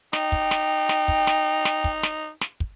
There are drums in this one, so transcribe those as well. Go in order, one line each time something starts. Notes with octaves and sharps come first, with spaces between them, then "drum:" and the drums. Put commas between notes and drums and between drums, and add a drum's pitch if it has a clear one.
D#4 G5, drum: snare
drum: kick
drum: snare
drum: snare
drum: kick
drum: snare
drum: snare
drum: kick
drum: snare
drum: snare
drum: kick